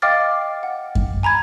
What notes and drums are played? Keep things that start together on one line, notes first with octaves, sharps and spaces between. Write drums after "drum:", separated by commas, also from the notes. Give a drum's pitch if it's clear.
D#5 F5 G5 D6 F6 A6
F#5
drum: kick F#2
G#5 A#5 B5 G#6